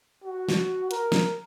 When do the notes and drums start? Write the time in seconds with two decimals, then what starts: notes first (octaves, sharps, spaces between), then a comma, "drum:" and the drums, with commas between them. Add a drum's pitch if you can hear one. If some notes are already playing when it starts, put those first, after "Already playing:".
0.24 F#4
0.49 drum: snare
0.91 A#4, drum: hi-hat
1.12 drum: snare